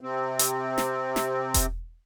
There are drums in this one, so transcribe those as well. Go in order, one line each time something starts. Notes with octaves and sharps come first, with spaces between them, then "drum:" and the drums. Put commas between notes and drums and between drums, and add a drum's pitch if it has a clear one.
C3 C4
drum: hi-hat
drum: snare
drum: snare
drum: kick E1, hi-hat